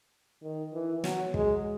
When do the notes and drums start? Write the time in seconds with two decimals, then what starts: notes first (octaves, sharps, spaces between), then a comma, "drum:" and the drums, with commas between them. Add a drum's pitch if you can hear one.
0.43 D#3
0.73 E3
1.04 F#3, drum: snare
1.34 G#3, drum: kick